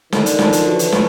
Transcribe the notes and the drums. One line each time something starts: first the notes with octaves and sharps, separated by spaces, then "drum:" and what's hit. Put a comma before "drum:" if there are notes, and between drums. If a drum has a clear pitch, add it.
D3 D#3, drum: snare
drum: hi-hat
F3, drum: snare
drum: hi-hat
E3 F#3
drum: hi-hat
A3, drum: snare